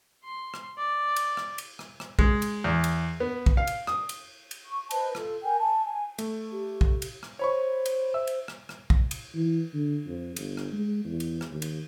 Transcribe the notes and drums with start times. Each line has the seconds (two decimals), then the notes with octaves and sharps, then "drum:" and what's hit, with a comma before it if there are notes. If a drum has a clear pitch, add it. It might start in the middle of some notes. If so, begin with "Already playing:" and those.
0.24 C6
0.54 drum: rim click
0.78 D5
1.16 drum: cymbal
1.37 drum: rim click
1.58 drum: cymbal
1.79 drum: rim click
2.00 drum: rim click
2.19 G#3, drum: kick
2.42 drum: cymbal
2.64 E2
2.84 drum: cymbal
3.20 B3
3.46 drum: kick
3.57 F5
3.67 drum: cymbal
3.87 D#6, drum: rim click
4.09 drum: cymbal
4.51 drum: cymbal
4.66 C#6
4.91 B4 C5 D#5 A5, drum: cymbal
5.15 F4 A4, drum: rim click
5.42 A#4 G5 G#5
5.59 G#5 A5
5.84 G#5
6.18 A3, drum: cymbal
6.52 G4
6.81 drum: kick
7.02 drum: cymbal
7.23 drum: rim click
7.39 C5 C#5 B5 C#6
7.86 drum: cymbal
8.14 E5 E6
8.27 drum: cymbal
8.48 drum: rim click
8.69 drum: rim click
8.90 drum: kick
9.11 drum: cymbal
9.35 E3
9.74 D3
10.07 F2
10.36 G1, drum: cymbal
10.57 drum: rim click
10.72 G#3
11.05 E2
11.20 drum: cymbal
11.41 drum: rim click
11.51 D#2
11.62 drum: cymbal